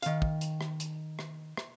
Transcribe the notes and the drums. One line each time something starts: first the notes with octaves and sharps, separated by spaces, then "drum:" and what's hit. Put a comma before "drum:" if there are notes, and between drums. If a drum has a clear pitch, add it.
D#3 F5, drum: hi-hat
drum: kick
drum: hi-hat
drum: rim click
drum: hi-hat
drum: rim click
drum: rim click